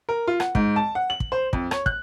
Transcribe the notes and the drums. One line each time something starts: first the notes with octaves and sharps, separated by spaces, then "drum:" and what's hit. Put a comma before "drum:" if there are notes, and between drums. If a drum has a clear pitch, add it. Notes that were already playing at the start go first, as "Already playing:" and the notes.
A#4
F4
F#5, drum: rim click
G#2, drum: kick
A5
F#5
F#7
drum: kick
C5
F2, drum: kick
C#5, drum: rim click
F#6, drum: kick